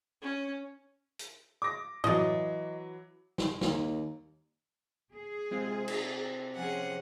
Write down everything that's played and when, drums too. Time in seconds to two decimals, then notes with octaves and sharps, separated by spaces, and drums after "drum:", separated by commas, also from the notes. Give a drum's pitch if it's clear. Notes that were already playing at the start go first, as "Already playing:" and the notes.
0.22 C#4
1.19 drum: hi-hat
1.62 D6 A#6
2.04 E3 F#3 D5 D#5, drum: tom A2
3.38 drum: snare
3.61 D#2, drum: snare
5.15 G#4
5.51 C3 G#3 C4 F4
5.88 E5 A6, drum: cymbal
6.56 F3 C#4 G#4 F#5